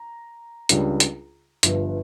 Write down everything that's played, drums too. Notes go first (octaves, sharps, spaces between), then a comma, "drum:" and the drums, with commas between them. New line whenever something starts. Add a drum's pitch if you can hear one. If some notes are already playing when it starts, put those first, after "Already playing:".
Already playing: A#5
C#2 C#3 G3 D4, drum: hi-hat
drum: hi-hat
G1 G2 F3, drum: hi-hat